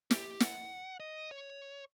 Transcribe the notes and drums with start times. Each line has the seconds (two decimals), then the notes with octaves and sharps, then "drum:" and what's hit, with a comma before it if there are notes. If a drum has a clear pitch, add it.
0.11 G4, drum: snare
0.40 F#5, drum: snare
1.00 D#5
1.31 C#5